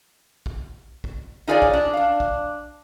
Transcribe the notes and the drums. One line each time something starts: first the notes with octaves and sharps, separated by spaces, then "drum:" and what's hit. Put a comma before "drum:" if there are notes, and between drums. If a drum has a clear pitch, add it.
drum: kick
drum: kick
D#4 F4 G#4 B4 C#5 D5
drum: kick
D4
D4 F5
drum: kick